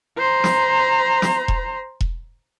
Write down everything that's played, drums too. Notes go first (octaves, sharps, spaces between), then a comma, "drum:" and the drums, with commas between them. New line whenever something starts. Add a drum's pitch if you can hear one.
C5 A#5
drum: snare
drum: snare
drum: kick E1
drum: kick E1